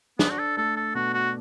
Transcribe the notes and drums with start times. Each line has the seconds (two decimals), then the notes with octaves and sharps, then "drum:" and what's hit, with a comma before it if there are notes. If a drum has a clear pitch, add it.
0.19 B3 D4, drum: snare
0.31 F#4
0.39 A4
0.57 A3 A4
0.76 A4
0.95 B2 F#4
1.14 F#4